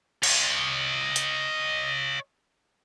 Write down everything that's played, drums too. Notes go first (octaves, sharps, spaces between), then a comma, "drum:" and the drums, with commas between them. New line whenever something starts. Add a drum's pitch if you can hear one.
C#5 D#5, drum: cymbal
drum: hi-hat